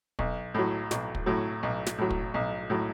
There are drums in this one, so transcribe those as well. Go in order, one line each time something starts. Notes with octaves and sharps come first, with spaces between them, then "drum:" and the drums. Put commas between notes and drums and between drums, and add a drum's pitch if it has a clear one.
B1, drum: kick
A2 F#3
B1, drum: snare
drum: kick
A2 F#3
B1
drum: snare
A2 F#3
drum: kick
B1
A2 F#3